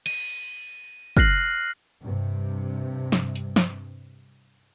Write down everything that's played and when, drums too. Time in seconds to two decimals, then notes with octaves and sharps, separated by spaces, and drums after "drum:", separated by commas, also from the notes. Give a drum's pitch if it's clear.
0.06 D#7, drum: cymbal
1.17 F6 F#6 A#6 C7 F#7, drum: kick
2.02 G2 C3
3.12 drum: snare
3.35 drum: hi-hat
3.56 drum: snare